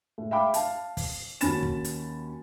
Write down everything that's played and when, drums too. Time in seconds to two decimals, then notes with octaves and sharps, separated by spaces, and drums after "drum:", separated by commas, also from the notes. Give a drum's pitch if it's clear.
0.18 A2
0.31 E5 F5 G5 B5 D6
0.54 F5 A5, drum: hi-hat
0.97 drum: kick, open hi-hat
1.41 D#2 C#4 F#4 B5 A6 E7, drum: hi-hat
1.63 drum: kick
1.84 drum: hi-hat